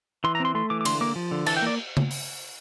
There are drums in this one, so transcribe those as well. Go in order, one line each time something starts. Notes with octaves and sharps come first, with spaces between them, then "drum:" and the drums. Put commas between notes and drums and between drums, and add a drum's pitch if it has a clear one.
E3 C6
A#5
C4 C6
A3 C6
E3 D6
D6
D3 C6, drum: cymbal
A#3 D6
F3
D3
E3 A5, drum: cymbal
G5
A#3 D5
drum: tom C#3
drum: open hi-hat